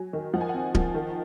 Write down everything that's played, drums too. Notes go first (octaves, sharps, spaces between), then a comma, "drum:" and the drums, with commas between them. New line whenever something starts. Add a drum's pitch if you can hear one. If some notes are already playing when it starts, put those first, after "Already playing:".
Already playing: F#3 G#5
D#3
F3 F#5
G#5
F#5
C4
F3, drum: kick D1
D#3